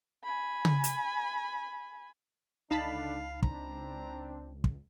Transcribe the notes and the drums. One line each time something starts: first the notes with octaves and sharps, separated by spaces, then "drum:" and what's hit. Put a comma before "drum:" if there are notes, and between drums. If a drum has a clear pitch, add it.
G#5 B5
drum: tom C#3
drum: hi-hat
C#2 D3 D4 D#4 F5 A5 B5
C4 D4 A#5, drum: kick
drum: kick